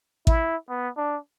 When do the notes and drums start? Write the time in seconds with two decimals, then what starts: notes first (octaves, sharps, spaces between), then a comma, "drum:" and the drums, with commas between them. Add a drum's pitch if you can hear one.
0.27 E4, drum: kick A1
0.69 B3
0.97 D4